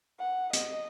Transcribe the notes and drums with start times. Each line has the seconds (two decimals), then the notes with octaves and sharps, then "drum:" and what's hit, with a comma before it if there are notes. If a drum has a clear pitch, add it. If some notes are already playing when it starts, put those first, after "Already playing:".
0.20 F#5
0.53 D#5, drum: hi-hat